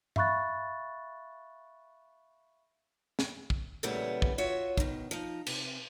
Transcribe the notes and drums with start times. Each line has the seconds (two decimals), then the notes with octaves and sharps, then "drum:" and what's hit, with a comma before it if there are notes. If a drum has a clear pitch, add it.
0.16 E5 F5 B5 C#6 F#6 A6, drum: tom G2
3.19 drum: snare
3.50 drum: kick
3.83 A#2 C#3 E3 G3 A3 B3
4.22 drum: kick
4.38 F4 F#4 C#5 E5
4.77 B2 D#3, drum: kick
5.11 F3 D#4
5.47 C3, drum: cymbal